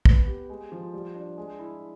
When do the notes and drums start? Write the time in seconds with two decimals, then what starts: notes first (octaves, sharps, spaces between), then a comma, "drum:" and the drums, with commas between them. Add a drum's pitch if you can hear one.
0.05 B3, drum: kick
0.27 G4
0.49 G#3
0.72 F3
0.94 G3
1.15 D4
1.37 G#3
1.59 E4